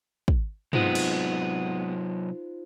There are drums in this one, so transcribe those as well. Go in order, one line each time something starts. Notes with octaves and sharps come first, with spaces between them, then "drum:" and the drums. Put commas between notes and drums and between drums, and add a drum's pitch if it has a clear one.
drum: kick
C3 F#3 G#3 B3 D#4 F4 C5, drum: tom
drum: cymbal